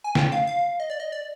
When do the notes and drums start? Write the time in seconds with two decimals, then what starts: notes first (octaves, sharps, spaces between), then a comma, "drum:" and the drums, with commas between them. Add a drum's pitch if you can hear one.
0.04 G#5
0.15 G5, drum: snare
0.32 F5
0.47 F5
0.80 D#5
0.90 D5
1.00 D#5
1.12 D5